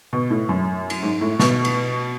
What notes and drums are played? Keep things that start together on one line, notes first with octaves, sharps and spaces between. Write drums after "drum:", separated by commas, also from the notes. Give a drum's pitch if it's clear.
B2
A2
F#2
drum: cymbal
G#2
A2
B2, drum: snare
drum: cymbal